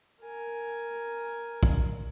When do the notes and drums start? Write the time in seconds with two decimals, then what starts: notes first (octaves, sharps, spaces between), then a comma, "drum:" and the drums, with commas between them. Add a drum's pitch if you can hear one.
0.22 A#4 G#5
1.63 drum: kick